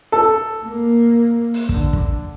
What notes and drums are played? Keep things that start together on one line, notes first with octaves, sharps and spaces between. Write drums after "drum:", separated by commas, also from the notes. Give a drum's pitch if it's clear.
A4
A#3
drum: open hi-hat
D3, drum: kick
drum: kick